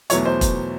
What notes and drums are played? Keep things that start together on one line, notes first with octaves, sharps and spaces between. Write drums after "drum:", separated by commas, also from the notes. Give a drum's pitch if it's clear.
E2 B2 F#3 A3 C#5, drum: hi-hat
C5
drum: kick, hi-hat